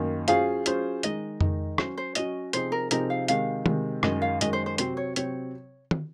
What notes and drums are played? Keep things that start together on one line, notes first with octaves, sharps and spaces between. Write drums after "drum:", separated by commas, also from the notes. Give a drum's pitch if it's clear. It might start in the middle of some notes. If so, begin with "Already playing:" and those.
Already playing: F#2 D#3 A#3
F#3 C#4 F4 G#4 C5 F5, drum: hi-hat
F#3 C#4 F4 G#4 C5, drum: hi-hat
D#3 G#3 D#4 D#5, drum: hi-hat
D#3 G#3 D#4, drum: tom F2
F#3 C#4 F#4 C5, drum: rim click
C5
F#3 C#4 F#4 D#5, drum: hi-hat
C3 F3 C4 D#4 G#4 C5, drum: hi-hat
A#4
C3 F3 C4 D#4 G#4 A#4, drum: hi-hat
F5
C3 D#3 G#3 F5, drum: hi-hat
C3 D#3 G#3, drum: tom
F#2 D#3 G#3 D#5, drum: rim click
F5
F#2 D#3 G#3 D#5, drum: hi-hat
C5
C5
C3 F#3 C4 C5, drum: hi-hat
C#5
C3 F#3 C4 C#5, drum: hi-hat
drum: tom